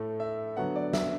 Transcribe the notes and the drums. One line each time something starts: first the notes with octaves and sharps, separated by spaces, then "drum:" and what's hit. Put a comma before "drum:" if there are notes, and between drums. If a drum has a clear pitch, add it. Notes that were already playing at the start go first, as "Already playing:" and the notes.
Already playing: A2 A3
E5
D3 F#3 B3 F#5
D5
E5, drum: snare